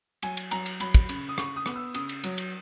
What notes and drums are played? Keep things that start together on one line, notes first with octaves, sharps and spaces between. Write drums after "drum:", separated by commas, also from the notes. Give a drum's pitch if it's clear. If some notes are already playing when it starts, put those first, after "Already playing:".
F#3 G#5, drum: cymbal
drum: cymbal
F#3 A#5, drum: cymbal
drum: cymbal
F#3 B5, drum: cymbal
drum: kick, cymbal
C#3, drum: cymbal
D#6
C#3 C#6, drum: rim click
D#6
B3, drum: rim click
E6
C#3 D#6, drum: cymbal
drum: cymbal
F#3, drum: cymbal
drum: cymbal